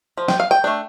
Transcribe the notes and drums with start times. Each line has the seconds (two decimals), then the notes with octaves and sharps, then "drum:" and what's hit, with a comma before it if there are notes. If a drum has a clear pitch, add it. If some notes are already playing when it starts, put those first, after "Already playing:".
0.17 F3
0.28 G5, drum: snare
0.40 F5
0.51 G5
0.64 A3 D4